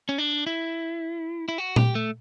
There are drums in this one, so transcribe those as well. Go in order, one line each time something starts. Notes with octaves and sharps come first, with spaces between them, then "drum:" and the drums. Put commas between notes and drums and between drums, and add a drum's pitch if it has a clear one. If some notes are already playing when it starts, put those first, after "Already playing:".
C#4
D4
E4
E4
F#4
G4, drum: tom A#2
A3